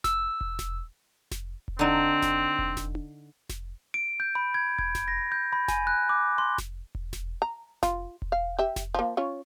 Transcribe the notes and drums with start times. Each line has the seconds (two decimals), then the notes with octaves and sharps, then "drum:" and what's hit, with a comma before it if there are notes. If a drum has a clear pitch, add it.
0.04 E6, drum: snare F1
0.41 drum: kick E1
0.59 drum: snare F1
1.31 drum: snare F1
1.68 drum: kick E1
1.79 D3 C4 D#4
2.22 drum: snare F1
2.59 drum: kick E1
2.77 drum: snare F1
2.95 drum: tom D4
3.49 drum: snare F1
3.94 D7
4.20 G6
4.35 B5
4.54 G#6
4.79 G#6, drum: kick E1
4.95 drum: snare F1
5.08 A#6
5.32 G6
5.53 B5
5.68 G#5, drum: snare F1
5.87 F#6
6.09 D6
6.38 C6
6.58 drum: snare F1
6.95 drum: kick E1
7.13 drum: snare F1
7.42 A#5
7.83 F4, drum: snare F1
8.22 drum: kick E1
8.32 F5
8.59 G4 E5
8.76 drum: snare F1
8.95 F3 A#3
9.17 C#4 F4 C#5